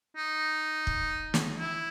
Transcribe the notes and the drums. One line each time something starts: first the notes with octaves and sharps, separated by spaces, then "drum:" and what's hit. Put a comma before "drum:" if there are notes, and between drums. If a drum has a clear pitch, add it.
D#4
drum: kick
drum: snare
E4